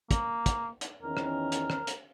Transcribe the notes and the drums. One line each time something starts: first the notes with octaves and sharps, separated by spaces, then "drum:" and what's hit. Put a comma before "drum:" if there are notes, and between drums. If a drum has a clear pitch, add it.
A#3, drum: kick, hi-hat
drum: kick, hi-hat
drum: hi-hat
E2 D#3 C#4 A#4
drum: rim click
drum: hi-hat
drum: rim click
drum: hi-hat